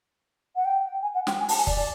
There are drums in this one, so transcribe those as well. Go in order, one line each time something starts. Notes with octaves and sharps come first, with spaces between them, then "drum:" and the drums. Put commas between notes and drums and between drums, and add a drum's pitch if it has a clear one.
F#5
G5
G#5
F#5
G5, drum: snare
G#5
A5, drum: open hi-hat
G#5
D5, drum: kick